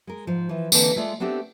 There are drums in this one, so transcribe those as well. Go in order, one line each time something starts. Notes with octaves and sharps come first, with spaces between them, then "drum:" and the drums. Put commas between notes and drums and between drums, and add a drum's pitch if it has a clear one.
G#3 A#4
G#2 F3
E3 F3
D3 E3 A#3 C4 D#5 A5, drum: tambourine
G#3 A3 F4 D5
A3 B3 C4 D4 G4 A4